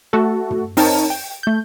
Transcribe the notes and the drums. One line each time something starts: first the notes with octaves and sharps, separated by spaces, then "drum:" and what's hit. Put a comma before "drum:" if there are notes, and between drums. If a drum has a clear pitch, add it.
A3 F#4 A4
drum: tom
C4 D#4 A#4 C#5 A5, drum: open hi-hat
G5
A3 G6